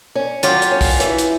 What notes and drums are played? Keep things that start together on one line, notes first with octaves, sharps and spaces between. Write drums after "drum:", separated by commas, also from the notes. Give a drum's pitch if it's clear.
C#4
F#3 F4 G4, drum: hi-hat
drum: hi-hat
C#4
drum: kick, open hi-hat
E3, drum: hi-hat
drum: hi-hat